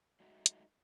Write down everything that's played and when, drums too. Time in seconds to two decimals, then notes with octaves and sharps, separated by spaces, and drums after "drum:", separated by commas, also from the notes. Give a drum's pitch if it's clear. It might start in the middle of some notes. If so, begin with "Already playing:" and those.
0.20 F#3 G#3 A3 D#4 F#4 E5
0.46 drum: hi-hat